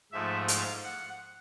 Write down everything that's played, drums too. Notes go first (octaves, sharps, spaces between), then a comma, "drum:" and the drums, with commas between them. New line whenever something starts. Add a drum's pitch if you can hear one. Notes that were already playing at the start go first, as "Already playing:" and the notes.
G#2 F3 A3 E5
F5, drum: hi-hat
F#5